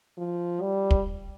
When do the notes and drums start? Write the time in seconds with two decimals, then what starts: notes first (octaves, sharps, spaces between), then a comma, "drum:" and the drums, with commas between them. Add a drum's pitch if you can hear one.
0.18 F3
0.61 G3
0.91 drum: kick